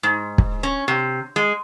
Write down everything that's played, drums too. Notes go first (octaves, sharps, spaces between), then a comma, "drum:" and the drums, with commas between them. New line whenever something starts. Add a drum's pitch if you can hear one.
G#2
drum: kick
C#4
C3
G#3